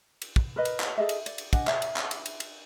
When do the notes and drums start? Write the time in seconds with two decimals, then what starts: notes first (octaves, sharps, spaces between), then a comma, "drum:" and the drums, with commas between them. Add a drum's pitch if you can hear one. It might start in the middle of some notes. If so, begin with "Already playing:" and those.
0.22 drum: cymbal
0.36 drum: kick
0.56 A#4 B4 D#5
0.65 drum: cymbal
0.80 drum: clap
0.98 G#4 A4 D#5 E5
1.09 drum: cymbal
1.26 D5, drum: cymbal
1.38 drum: cymbal
1.53 D4 D#5 F#5 G#5, drum: kick, cymbal
1.67 E5, drum: clap
1.82 drum: cymbal
1.96 drum: clap
2.11 drum: cymbal
2.26 drum: cymbal
2.40 drum: cymbal